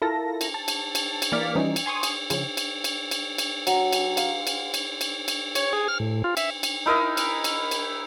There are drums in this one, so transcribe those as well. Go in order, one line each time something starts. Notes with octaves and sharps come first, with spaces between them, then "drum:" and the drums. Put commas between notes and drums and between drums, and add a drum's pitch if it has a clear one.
E4 F4 A4 A#4 A5 A#6
drum: cymbal
A5
drum: cymbal
drum: cymbal
drum: cymbal
E3 A#3 D5 F6 B6
E3 F3 G3 C#4 D#4
drum: cymbal
G#5 C6 C#6 D#6
drum: cymbal
C#3 F3, drum: cymbal
drum: cymbal
drum: cymbal
drum: cymbal
drum: cymbal
F#3, drum: cymbal
drum: cymbal
F5, drum: cymbal
drum: cymbal
drum: cymbal
drum: cymbal
drum: cymbal
C#5, drum: cymbal
G#4
F6
A2
F4
E5, drum: cymbal
drum: cymbal
D#4 E4 A#4 D#5
drum: cymbal
drum: cymbal
drum: cymbal